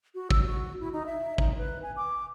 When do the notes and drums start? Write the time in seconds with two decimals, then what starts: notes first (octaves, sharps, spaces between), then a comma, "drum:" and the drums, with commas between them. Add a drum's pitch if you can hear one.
0.15 F#4
0.31 E6, drum: kick
0.46 F#4
0.80 E4
0.93 D#4
1.06 E5
1.38 D#4, drum: kick
1.58 B4
1.83 G#5
1.96 D6